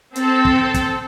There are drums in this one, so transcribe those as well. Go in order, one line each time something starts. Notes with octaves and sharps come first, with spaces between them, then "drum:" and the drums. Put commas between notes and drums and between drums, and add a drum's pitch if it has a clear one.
C4 A4, drum: hi-hat
drum: kick
drum: kick, hi-hat